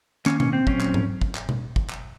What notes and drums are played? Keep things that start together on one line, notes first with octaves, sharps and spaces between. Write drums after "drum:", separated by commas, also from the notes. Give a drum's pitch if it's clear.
D#3 A#3 C#4, drum: clap
C#4, drum: tom B2
C4
A#2 F#3 C4 C#4, drum: kick
drum: clap
drum: tom G#2
drum: kick
drum: clap
drum: tom B2
drum: kick
drum: clap